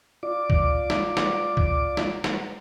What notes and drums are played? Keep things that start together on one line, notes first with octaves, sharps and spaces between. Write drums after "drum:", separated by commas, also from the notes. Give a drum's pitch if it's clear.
F4 D5 D6
drum: kick C2
drum: snare
drum: snare
drum: kick C2
drum: snare
drum: snare